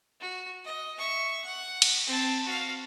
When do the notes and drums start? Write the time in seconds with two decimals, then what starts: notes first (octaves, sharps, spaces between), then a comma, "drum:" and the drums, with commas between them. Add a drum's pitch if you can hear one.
0.21 F#4
0.65 D#5
0.98 E5 C#6
1.45 F#5
1.82 drum: cymbal
2.06 C4 A5
2.46 F#4 F5